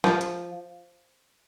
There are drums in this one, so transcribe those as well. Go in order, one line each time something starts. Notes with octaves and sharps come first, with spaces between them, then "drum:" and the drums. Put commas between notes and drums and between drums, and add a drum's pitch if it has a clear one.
F3, drum: snare
drum: hi-hat